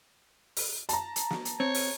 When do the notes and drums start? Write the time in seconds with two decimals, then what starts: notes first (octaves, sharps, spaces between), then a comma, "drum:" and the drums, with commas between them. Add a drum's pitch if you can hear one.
0.57 drum: open hi-hat
0.89 A5 A#5, drum: hi-hat
1.16 drum: hi-hat
1.30 drum: snare
1.45 drum: hi-hat
1.60 C4 C#5
1.75 drum: open hi-hat